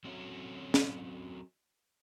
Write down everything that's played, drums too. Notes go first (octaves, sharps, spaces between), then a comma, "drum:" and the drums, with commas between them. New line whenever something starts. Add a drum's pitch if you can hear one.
F#3 C4 C#4 F#4 A4 C#5
drum: snare